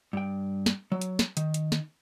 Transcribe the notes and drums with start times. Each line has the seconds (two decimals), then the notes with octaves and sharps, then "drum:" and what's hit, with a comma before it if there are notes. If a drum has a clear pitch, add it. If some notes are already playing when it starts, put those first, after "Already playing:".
0.13 G2 G5
0.66 drum: snare
0.92 F#3
1.01 drum: hi-hat
1.19 drum: snare
1.37 D#3, drum: hi-hat
1.54 drum: hi-hat
1.72 drum: snare